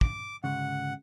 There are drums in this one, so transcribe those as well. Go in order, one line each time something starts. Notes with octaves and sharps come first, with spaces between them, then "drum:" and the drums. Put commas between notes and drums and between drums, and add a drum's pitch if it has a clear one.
D6, drum: kick
D2 G#2 C#3 F#5